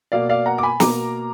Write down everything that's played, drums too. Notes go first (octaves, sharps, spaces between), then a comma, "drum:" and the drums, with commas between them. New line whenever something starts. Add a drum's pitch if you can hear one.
B2 A#3 D5 F5
D5 F5
F#5 A#5
D6
G#5 B5
B2 A#3 A#5 D6, drum: snare